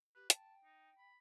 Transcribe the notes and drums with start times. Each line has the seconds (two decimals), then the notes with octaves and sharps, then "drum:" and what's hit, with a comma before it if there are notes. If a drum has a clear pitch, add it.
0.16 G4 B4
0.30 G5 A5, drum: hi-hat
0.64 D#4
0.98 B5